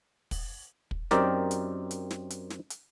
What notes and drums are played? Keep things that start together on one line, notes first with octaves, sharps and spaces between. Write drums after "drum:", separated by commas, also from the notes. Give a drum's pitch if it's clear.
drum: kick, open hi-hat
drum: kick
F#2 C4 D#4 G4 A#4 D5, drum: snare
drum: hi-hat
drum: hi-hat
drum: snare
drum: hi-hat
drum: snare
drum: hi-hat